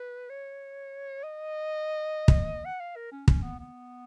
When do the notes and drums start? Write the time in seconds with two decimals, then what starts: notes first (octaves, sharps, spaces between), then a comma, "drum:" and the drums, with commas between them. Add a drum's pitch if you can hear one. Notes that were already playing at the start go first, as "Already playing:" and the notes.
Already playing: B4
0.30 C#5
1.24 D#5
2.28 drum: kick
2.65 F#5
2.80 F5
2.96 A#4
3.12 C#4
3.28 C#4, drum: kick
3.42 B3
3.59 B3